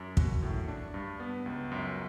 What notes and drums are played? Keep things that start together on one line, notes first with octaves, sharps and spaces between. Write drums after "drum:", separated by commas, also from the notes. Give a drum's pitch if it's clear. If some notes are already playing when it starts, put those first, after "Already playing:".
Already playing: F#2
F#4, drum: kick
A2
D4
G2
B3
C#2
F#2